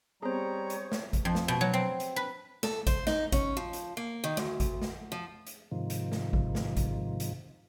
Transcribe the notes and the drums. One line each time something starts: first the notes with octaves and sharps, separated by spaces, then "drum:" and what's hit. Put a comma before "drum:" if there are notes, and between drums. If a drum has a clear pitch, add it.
G3 B3 C4 G#4 C5 C#5 A#5
drum: hi-hat
drum: snare A3
drum: kick G#1, hi-hat
F2
drum: snare A3
B2
F#3
C4
drum: hi-hat
B4
A4, drum: snare A3
C5, drum: kick G#1, hi-hat
D#4, drum: snare A3
C#4, drum: kick G#1, hi-hat
F3
drum: hi-hat
A#3
D#3
D2, drum: snare A3
drum: kick G#1, hi-hat
drum: snare A3
F3
drum: hi-hat
G#2 C3 D#3 F3
drum: hi-hat
drum: snare A3
drum: kick G#1
drum: snare A3
drum: kick G#1, hi-hat
drum: hi-hat